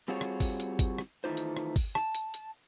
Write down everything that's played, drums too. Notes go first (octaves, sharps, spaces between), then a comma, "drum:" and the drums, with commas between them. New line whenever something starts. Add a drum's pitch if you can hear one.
G3 C4 F4 F#4 G#4 C#5
drum: rim click
drum: kick G1, open hi-hat
drum: hi-hat
drum: kick G1, hi-hat
drum: rim click
D#3 E3 A3 D#4 F4 C5
drum: hi-hat
drum: rim click
drum: kick G1, open hi-hat
A5, drum: rim click
drum: hi-hat
drum: hi-hat